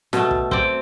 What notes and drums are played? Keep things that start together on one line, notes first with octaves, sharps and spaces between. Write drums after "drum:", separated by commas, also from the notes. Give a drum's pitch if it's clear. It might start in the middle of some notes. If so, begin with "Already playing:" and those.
B2 A3, drum: snare
drum: kick
C4 D5, drum: kick